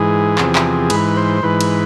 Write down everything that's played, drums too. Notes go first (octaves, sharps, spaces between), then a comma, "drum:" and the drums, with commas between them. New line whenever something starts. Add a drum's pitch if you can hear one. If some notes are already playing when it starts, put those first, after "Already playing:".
Already playing: G#2 E3 G#4
E2 C3 F3, drum: clap
drum: clap
G#2 E3 B4, drum: cymbal
C5
G#2 E3 B4
drum: cymbal